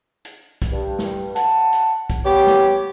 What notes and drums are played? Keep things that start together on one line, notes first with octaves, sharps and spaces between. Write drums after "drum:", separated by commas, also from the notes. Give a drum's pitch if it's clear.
drum: hi-hat
drum: kick B1, hi-hat
G2
drum: snare
F#5 A5, drum: hi-hat
drum: hi-hat
drum: kick B1, hi-hat
B3 G4 C#5
drum: snare